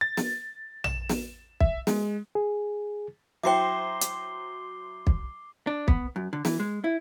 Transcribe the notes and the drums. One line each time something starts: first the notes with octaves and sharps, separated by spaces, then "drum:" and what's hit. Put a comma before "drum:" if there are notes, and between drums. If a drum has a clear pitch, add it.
A6
drum: snare
E7, drum: tom A#1
drum: snare
E5, drum: kick
G#3, drum: snare
G#4
F#3 E4 C5 E5 G5 D6 C7 G7
drum: hi-hat
drum: kick
D4
B3, drum: kick
F#2
D3
E3, drum: snare
G#3
E4